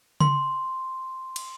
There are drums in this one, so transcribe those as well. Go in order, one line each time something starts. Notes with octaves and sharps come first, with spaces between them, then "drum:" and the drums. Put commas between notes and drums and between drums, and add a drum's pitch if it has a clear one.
C6, drum: tom C#3
drum: cymbal